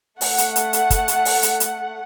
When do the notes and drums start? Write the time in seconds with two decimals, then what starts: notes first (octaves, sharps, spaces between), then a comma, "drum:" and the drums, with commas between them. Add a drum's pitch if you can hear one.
0.21 A3 F#5, drum: open hi-hat
0.38 drum: hi-hat
0.56 drum: hi-hat
0.73 drum: hi-hat
0.90 drum: kick, hi-hat
1.08 drum: hi-hat
1.25 drum: open hi-hat
1.43 drum: hi-hat
1.60 drum: hi-hat